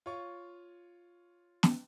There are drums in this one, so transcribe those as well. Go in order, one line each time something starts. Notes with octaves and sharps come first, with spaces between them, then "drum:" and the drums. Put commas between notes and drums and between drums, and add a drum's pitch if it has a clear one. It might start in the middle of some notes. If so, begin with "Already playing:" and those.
F4 C#5 C#6
drum: snare